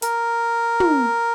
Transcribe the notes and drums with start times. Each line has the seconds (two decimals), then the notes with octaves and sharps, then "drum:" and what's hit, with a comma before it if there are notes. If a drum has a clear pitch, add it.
0.02 A#4, drum: hi-hat
0.80 drum: tom